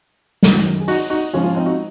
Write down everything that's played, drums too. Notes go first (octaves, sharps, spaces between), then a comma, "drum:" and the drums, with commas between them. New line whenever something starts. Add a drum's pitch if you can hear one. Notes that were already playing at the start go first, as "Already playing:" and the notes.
F#2 D#3 F#3, drum: snare
drum: hi-hat
G#4
D#4 F#4, drum: open hi-hat
D#4 F#4
G#2 F3 C#4 F4
C#4 F4
C4 D#4
D#4 F#4